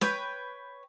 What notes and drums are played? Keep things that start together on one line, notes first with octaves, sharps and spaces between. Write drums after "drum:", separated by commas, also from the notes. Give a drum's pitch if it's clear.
B4 C#5 G5, drum: snare